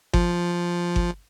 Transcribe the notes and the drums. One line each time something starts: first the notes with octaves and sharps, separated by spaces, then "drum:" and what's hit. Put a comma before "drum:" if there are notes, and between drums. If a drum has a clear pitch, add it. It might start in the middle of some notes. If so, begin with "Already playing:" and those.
F3, drum: kick G1
drum: kick G1